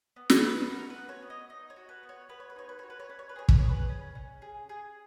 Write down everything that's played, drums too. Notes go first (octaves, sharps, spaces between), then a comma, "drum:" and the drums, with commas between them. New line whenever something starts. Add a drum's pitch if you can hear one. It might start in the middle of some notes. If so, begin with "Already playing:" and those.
B3
B4, drum: snare
D#4
F#4 A#4
B4
B3
C#5
B3
D#5
D#4 D#5
C#5
F#4
B4
B3
C#5
B3 B4
C#5
B4
D#4 C#5
B4
F#4 C#5
B4
C#5
C#4 B4
C#5
B4
G#4 C#5
B4, drum: kick
G#4 C#5
B4
C#4
C#4
G#4
G#4